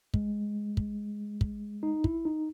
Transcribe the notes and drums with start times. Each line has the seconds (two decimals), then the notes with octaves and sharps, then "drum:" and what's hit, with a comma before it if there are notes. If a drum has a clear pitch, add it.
0.14 G#3, drum: kick
0.77 drum: kick
1.41 drum: kick
1.83 D#4
2.04 E4, drum: kick
2.25 D#4